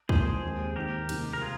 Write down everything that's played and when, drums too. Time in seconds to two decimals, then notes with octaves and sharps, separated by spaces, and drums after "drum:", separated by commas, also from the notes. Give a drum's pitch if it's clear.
0.09 G#2 F3 A#3 G#4 C5, drum: kick
0.43 D#2 C#3 G#3 C4
0.76 D#2 D#3 A#3 G4 A#4
1.09 C#2 C3 G3 A#3 D#4, drum: cymbal
1.33 A#4
1.42 F4 G#4